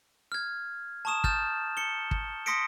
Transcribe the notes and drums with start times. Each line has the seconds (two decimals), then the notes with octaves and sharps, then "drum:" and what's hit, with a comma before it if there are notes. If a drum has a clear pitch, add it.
0.32 F6 G#6
1.05 A5 A#5 C#6 D#6 E7
1.24 F6 G6 A6 E7, drum: kick
1.77 C#7 G7
2.11 drum: kick
2.46 C6 D#6 A#6 B6 C#7 D7